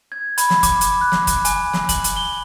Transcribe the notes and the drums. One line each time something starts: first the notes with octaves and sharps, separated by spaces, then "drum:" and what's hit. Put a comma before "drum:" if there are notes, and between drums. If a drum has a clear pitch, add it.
G#6
B5, drum: hi-hat
drum: snare
D6, drum: kick, hi-hat
drum: hi-hat
F#6
drum: snare
drum: kick, hi-hat
G#5, drum: hi-hat
drum: snare
F#7, drum: kick, hi-hat
drum: hi-hat
G7